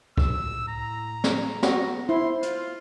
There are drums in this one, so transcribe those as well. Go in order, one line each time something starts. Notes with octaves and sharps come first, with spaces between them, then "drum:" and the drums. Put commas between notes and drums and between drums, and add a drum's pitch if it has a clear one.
A2 E6, drum: kick
A#5
drum: snare
B3 F#4, drum: snare
E4 C5 C6
F4, drum: hi-hat